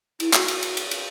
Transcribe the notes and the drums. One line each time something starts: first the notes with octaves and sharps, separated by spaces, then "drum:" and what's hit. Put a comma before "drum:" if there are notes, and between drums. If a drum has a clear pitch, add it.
E4, drum: cymbal
F#4, drum: clap
drum: cymbal
drum: cymbal
drum: cymbal
drum: cymbal